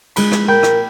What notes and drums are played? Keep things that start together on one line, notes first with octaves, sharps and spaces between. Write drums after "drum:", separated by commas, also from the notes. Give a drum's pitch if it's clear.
G#3 B5, drum: cymbal
drum: rim click
A#2 A#4 G5 B5 G6
drum: rim click